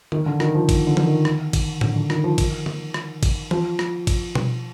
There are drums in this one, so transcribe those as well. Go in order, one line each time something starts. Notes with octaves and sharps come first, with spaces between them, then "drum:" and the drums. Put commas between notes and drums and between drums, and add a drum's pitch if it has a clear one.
D#3, drum: tom D3
D3
D#3, drum: rim click
F3
drum: kick G#1, cymbal
D3
drum: tom E3
D#3
drum: rim click
drum: kick G#1, cymbal
D3, drum: tom A2
D3
D#3, drum: rim click
F3
D#3, drum: kick G#1, cymbal
drum: tom D3
drum: rim click
drum: kick G#1, cymbal
F3, drum: tom E3
drum: rim click
drum: kick G#1, cymbal
drum: tom B2